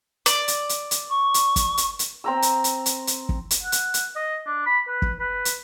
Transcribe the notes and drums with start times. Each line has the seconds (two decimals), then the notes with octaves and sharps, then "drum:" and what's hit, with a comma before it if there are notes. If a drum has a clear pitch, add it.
0.26 D5, drum: hi-hat
0.48 drum: hi-hat
0.69 drum: hi-hat
0.91 drum: hi-hat
1.09 C#6
1.34 drum: hi-hat
1.56 drum: kick, hi-hat
1.77 drum: hi-hat
1.99 drum: hi-hat
2.24 C4 A#5 E6
2.42 drum: hi-hat
2.64 drum: hi-hat
2.86 drum: hi-hat
3.07 drum: hi-hat
3.29 drum: kick
3.51 drum: hi-hat
3.62 F#5
3.72 drum: hi-hat
3.94 drum: hi-hat
4.16 D#5
4.46 D4
4.66 B5
4.87 B4
5.02 drum: kick
5.19 B4
5.45 drum: hi-hat